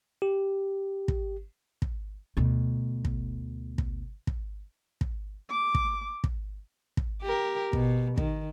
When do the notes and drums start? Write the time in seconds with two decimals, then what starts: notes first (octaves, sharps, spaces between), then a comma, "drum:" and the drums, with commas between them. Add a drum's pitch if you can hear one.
0.22 G4
1.08 drum: kick
1.82 drum: kick
2.37 D2 B2
3.05 drum: kick
3.78 drum: kick
4.27 drum: kick
5.01 drum: kick
5.51 D6
5.75 drum: kick
6.24 drum: kick
6.97 drum: kick
7.22 G4 A#4
7.73 B2, drum: kick
8.18 D#3, drum: kick